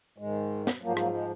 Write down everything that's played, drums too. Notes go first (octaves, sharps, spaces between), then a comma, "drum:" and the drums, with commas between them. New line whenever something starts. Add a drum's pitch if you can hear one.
G#2 D#3 G#3
drum: snare
G#2 F3 F#3 A#3
F#3 A#3, drum: rim click
G#3